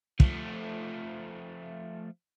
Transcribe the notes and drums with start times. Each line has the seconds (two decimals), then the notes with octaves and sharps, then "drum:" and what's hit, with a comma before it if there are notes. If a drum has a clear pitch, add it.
0.20 F3 A3, drum: kick